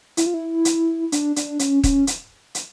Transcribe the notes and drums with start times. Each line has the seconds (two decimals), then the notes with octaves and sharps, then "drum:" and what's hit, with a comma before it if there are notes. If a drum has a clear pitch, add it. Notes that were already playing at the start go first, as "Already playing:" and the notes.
0.17 E4, drum: hi-hat
0.26 F4
0.34 E4
0.65 drum: hi-hat
1.12 D4, drum: hi-hat
1.36 D4, drum: hi-hat
1.59 C#4, drum: hi-hat
1.84 C#4, drum: kick, hi-hat
2.07 drum: hi-hat
2.55 drum: hi-hat